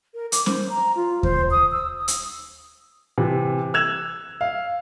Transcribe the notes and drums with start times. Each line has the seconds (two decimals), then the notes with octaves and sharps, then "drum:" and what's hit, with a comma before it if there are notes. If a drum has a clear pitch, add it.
0.14 A#4
0.32 D6, drum: hi-hat
0.46 C5, drum: snare C#4
0.70 A#5
0.96 F4
1.23 C5, drum: kick D#2
1.51 D#6
1.72 E6
1.98 D#6
2.08 drum: hi-hat
3.18 C3 E3
3.74 E6 F#6 G#6 E7 F7
4.41 F5